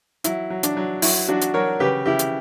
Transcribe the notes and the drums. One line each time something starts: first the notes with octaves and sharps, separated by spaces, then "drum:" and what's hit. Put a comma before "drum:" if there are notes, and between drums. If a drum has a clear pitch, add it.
F#3 E4, drum: hi-hat
F#3
D4, drum: hi-hat
F#3
F#3 E4, drum: open hi-hat
F#3 D4 F#4
drum: hi-hat
F#3 A#4 C#5
C#3 G4 B4
C#3 E4 G4
drum: hi-hat